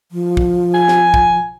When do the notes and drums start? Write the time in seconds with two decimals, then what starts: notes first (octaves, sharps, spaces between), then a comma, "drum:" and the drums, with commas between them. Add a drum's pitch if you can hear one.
0.12 F3
0.37 drum: kick
0.74 G#5
0.88 drum: snare
1.14 drum: kick